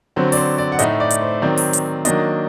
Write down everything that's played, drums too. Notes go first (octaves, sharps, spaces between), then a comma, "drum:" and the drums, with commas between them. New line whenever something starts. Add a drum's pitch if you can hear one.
D3 F#3 C4 C5
D5, drum: open hi-hat
C5
D5
F#5
A2 A3 D#4 D#5, drum: hi-hat
D5
drum: hi-hat
C5
D#3 F#3 C4 D5
drum: open hi-hat
drum: hi-hat
D#3 F#3 A#3 D4 D#5, drum: hi-hat